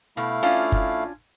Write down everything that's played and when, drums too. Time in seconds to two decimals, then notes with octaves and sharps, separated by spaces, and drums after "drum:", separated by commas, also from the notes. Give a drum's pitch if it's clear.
0.17 B2 A3 E4 F5
0.43 C#4 D4 F4
0.72 drum: kick F#1